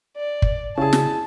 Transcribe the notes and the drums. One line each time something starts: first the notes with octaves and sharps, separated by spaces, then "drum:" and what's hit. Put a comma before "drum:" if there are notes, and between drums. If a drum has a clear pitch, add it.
D5
drum: kick
C#3 E4 G#4 A5
drum: snare